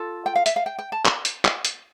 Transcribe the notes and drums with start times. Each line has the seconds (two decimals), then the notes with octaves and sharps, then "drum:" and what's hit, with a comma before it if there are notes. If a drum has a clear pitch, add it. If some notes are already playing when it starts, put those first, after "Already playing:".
Already playing: F4 A4
0.26 G5
0.36 F5
0.46 E5, drum: hi-hat
0.56 F5
0.66 G5
0.79 G5
0.92 A5
1.05 drum: clap
1.25 drum: hi-hat
1.45 drum: clap
1.65 drum: hi-hat